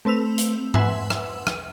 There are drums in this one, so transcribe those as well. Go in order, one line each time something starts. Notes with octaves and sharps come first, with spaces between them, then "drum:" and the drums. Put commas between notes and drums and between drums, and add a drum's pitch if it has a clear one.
A3 C4 B4 E6 F7
drum: hi-hat
B4 E5 F#5 G#5 C6 E6, drum: tom G#2
drum: rim click
drum: rim click